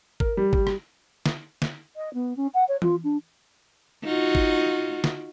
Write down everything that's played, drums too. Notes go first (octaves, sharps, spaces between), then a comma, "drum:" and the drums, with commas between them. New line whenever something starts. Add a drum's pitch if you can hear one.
A#4, drum: kick
G3
G3, drum: kick
drum: rim click
drum: snare
drum: snare
D#5
B3
C#4
F#5
C#5
F4, drum: tom E3
D4
D#4 F4 F#4
drum: kick
drum: snare